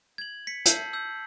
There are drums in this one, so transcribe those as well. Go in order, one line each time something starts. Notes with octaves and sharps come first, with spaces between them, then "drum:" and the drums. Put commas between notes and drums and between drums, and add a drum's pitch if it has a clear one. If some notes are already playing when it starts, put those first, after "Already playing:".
G#6 F#7
B6 C#7
A5 E6 G6 C7 F#7, drum: hi-hat
E6 G6